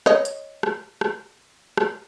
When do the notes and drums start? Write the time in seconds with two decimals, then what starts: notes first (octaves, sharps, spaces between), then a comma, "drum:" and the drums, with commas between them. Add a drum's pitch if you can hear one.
0.06 C#5 D#5, drum: rim click
0.25 drum: hi-hat
0.63 drum: rim click
1.01 drum: rim click
1.77 drum: rim click